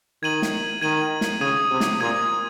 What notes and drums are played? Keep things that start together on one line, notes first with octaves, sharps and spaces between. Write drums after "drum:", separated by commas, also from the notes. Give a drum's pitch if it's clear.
D#3 G#6 D#7 F#7
drum: snare
D#3 G#6 D#7 F#7
drum: snare
C#3 D#6 G#6 D#7
C3
drum: snare
A#2 D#6 G#6 D#7